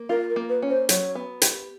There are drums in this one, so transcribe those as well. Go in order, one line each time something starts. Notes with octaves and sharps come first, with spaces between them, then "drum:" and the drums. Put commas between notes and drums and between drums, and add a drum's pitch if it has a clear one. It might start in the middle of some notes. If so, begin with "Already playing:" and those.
Already playing: A#3
F4 A#4
A#4
A#3
B4
C#4
C5
F#3 C#5, drum: hi-hat
B3
G4, drum: hi-hat